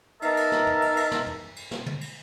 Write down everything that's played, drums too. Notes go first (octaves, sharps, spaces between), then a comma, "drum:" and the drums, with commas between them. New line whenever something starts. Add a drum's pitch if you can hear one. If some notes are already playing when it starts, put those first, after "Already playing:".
B3 D#4 A#4 E5 A5 A#5, drum: cymbal
drum: cymbal
drum: snare
drum: tom
drum: cymbal
drum: cymbal
drum: snare
drum: tom
drum: cymbal
drum: snare
drum: tom
drum: cymbal